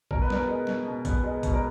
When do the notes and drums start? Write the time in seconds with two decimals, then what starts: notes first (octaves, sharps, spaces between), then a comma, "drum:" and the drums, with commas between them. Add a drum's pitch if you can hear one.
0.11 B2 A#4, drum: kick A#1
0.22 B4
0.30 B3 A#4, drum: snare
0.48 G#3
0.67 B2, drum: snare
0.87 B2
1.05 B3, drum: kick A#1, hi-hat
1.24 G#3
1.43 B2, drum: kick A#1, hi-hat
1.54 A#4